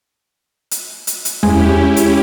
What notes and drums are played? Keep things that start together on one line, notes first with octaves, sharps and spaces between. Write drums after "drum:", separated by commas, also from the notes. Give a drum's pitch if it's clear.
drum: hi-hat
drum: hi-hat
drum: hi-hat
G#3 C#4 E4 G4, drum: tom E2
drum: hi-hat